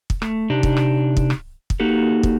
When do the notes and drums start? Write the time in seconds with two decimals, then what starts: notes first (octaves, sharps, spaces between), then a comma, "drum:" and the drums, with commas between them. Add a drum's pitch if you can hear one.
0.10 drum: kick
0.22 A3, drum: rim click
0.50 C3 D4 D#4 G4
0.63 drum: kick
0.77 drum: rim click
1.17 drum: kick
1.30 drum: rim click
1.70 drum: kick
1.80 A#3 D#4 F#4 G4 A4
2.23 drum: kick